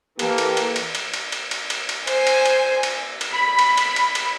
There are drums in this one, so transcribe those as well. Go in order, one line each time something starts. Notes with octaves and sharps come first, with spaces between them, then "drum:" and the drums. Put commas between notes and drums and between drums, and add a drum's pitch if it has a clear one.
E3 A#3 G4 A4, drum: cymbal
drum: cymbal
drum: cymbal
drum: cymbal
drum: cymbal
drum: cymbal
drum: cymbal
drum: cymbal
drum: cymbal
drum: cymbal
C5 G#5, drum: cymbal
drum: cymbal
drum: cymbal
drum: cymbal
drum: cymbal
B5
drum: cymbal
drum: cymbal
drum: cymbal
drum: cymbal